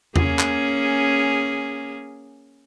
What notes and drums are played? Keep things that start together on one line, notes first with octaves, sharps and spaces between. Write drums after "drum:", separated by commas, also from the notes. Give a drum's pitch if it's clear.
A#3 C#4 G#4, drum: tom E2
drum: clap